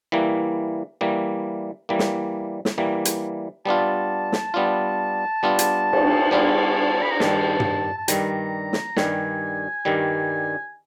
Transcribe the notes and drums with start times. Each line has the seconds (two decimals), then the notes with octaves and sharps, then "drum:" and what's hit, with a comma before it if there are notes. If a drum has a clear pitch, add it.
0.12 E3 G3 A#3
1.01 E3 G3 A#3
1.89 E3 G3 A#3
1.99 drum: snare
2.65 drum: snare
2.78 E3 G3 A#3
3.05 drum: hi-hat
3.65 G3 B3 D4 F4 A5
4.32 drum: snare
4.54 G3 B3 D4 F4
5.43 G3 B3 D4 F4
5.59 drum: hi-hat
5.93 drum: cymbal
6.31 G3 B3 D4 F4 A5
7.02 B5
7.11 A#5
7.20 G2 D#3 G3 A5, drum: snare
7.60 drum: tom
7.97 A5
8.08 G2 D#3 G3 A#5, drum: hi-hat
8.73 drum: snare
8.97 G2 D#3 G3 G#5, drum: snare
9.85 G2 D#3 G3